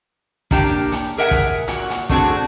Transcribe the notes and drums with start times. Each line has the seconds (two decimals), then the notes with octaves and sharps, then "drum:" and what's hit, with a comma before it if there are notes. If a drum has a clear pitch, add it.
0.51 A#3 D4 G4, drum: kick, hi-hat
0.92 drum: hi-hat
1.17 G#4 A#4 E5 F#5 G#5
1.31 drum: kick, hi-hat
1.68 A#2 F#4, drum: hi-hat
1.90 drum: hi-hat
2.09 A3 C4 D4 F#4 G#4, drum: kick, hi-hat